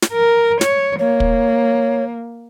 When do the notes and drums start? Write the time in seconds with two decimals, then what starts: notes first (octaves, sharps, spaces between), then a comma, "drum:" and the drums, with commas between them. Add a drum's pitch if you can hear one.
0.02 drum: snare
0.12 A#4
0.61 C#5, drum: snare
0.99 A#3 C#5
1.20 drum: kick